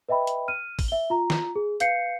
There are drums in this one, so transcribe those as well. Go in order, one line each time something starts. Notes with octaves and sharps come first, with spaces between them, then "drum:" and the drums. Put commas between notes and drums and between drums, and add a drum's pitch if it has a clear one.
B4 D#5 E5 G5 B5
drum: hi-hat
F6 D#7
drum: kick, open hi-hat
E5 G7
F4 A#5
drum: snare
G#4
B4 F5 G6 C7 C#7, drum: hi-hat